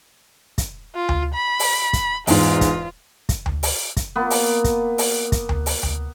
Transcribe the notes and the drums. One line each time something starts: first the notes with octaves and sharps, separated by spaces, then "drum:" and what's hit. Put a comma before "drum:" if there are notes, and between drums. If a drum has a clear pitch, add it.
drum: kick, hi-hat
F4
drum: tom D2
B5
drum: open hi-hat
drum: kick, hi-hat
E2 G#2 F4, drum: open hi-hat
drum: kick, hi-hat
drum: kick, hi-hat
drum: tom D2
drum: open hi-hat
drum: kick, hi-hat
A#3 B3
drum: open hi-hat
drum: kick, hi-hat
drum: open hi-hat
drum: kick, hi-hat
drum: tom D2
drum: open hi-hat
drum: tom D2